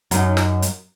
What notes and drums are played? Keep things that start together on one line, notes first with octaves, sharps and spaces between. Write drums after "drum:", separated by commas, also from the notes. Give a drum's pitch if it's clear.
F#2 D#4, drum: hi-hat
drum: snare
drum: hi-hat